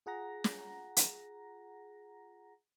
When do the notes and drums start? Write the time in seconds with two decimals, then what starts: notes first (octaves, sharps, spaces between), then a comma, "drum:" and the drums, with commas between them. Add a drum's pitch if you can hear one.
0.06 F4 G#4 F#5 A#5 A#6
0.44 drum: snare
0.97 drum: hi-hat